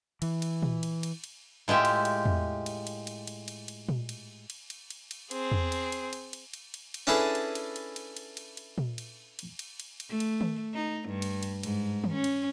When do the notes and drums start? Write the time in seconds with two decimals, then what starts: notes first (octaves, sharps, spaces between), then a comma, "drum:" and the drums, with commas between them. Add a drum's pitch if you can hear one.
0.22 E3, drum: cymbal
0.42 drum: cymbal
0.63 drum: tom A#2
0.83 drum: cymbal
1.03 drum: cymbal
1.24 drum: cymbal
1.68 A2 G#3 F4 G4 E5
1.85 drum: cymbal
2.05 drum: cymbal
2.26 drum: tom E2
2.66 drum: cymbal
2.87 drum: cymbal
3.07 drum: cymbal
3.27 drum: cymbal
3.48 drum: cymbal
3.68 drum: cymbal
3.89 drum: tom A#2
4.09 drum: cymbal
4.50 drum: cymbal
4.70 drum: cymbal
4.90 drum: cymbal
5.11 drum: cymbal
5.31 C4 G#4, drum: cymbal
5.52 drum: tom E2
5.72 drum: cymbal
5.92 drum: cymbal
6.13 drum: cymbal
6.33 drum: cymbal
6.54 drum: cymbal
6.74 drum: cymbal
6.94 drum: cymbal
7.07 C#4 D4 E4 G#4 A4 B4
7.35 drum: cymbal
7.55 drum: cymbal
7.76 drum: cymbal
7.96 drum: cymbal
8.17 drum: cymbal
8.37 drum: cymbal
8.57 drum: cymbal
8.78 drum: tom A#2
8.98 drum: cymbal
9.39 drum: cymbal
9.59 drum: cymbal
9.80 drum: cymbal
10.00 drum: cymbal
10.09 A3
10.20 drum: cymbal
10.41 drum: tom D#3
10.74 D#4
11.09 G2
11.22 drum: cymbal
11.43 drum: cymbal
11.63 G#2, drum: cymbal
12.04 drum: tom D#3
12.14 C#4
12.24 drum: cymbal